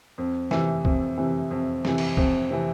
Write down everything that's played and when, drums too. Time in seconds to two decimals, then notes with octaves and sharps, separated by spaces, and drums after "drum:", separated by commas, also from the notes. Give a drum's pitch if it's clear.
0.18 F2
0.51 C3 E3, drum: snare
0.85 F2, drum: kick
1.18 C3 E3
1.51 F2
1.85 C3 E3, drum: snare
1.98 drum: cymbal
2.17 F2, drum: kick
2.51 C3 E3